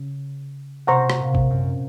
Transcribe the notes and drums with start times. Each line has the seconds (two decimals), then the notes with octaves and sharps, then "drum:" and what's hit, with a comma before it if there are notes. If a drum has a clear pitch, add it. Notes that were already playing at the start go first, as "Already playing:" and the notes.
Already playing: C#3
0.87 C3 C5 F#5 A#5 C#6
1.10 C3, drum: rim click
1.19 A#2
1.35 drum: kick
1.50 F#2